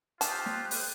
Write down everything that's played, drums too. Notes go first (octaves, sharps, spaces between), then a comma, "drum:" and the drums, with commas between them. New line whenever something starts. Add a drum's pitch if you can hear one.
F4 G4 C5 A5 D#6 F#6 G6, drum: hi-hat
drum: snare
drum: open hi-hat